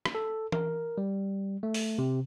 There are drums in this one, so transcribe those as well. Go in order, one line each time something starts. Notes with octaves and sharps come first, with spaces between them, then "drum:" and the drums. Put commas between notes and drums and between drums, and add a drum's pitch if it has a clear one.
drum: rim click
A4
A#4, drum: tom E3
G3
A3
drum: open hi-hat
C3